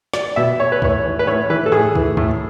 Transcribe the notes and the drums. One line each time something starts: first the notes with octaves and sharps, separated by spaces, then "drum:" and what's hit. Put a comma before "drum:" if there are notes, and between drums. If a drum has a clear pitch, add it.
D5, drum: snare
B2 E5
C#5
B4
A2 C#5, drum: kick
E3
B4
A2 C#5
E3 B4
A4
A2 G#4
E3, drum: kick
A2, drum: kick